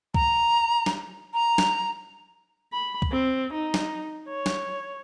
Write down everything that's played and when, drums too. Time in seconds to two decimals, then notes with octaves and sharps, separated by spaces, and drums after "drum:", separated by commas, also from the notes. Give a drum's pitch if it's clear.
0.14 A#5, drum: kick C2
0.86 drum: snare
1.34 A#5
1.58 drum: snare
2.73 B5
3.02 drum: kick C2
3.11 C4
3.54 D#4
3.74 drum: snare
4.28 C#5
4.46 drum: snare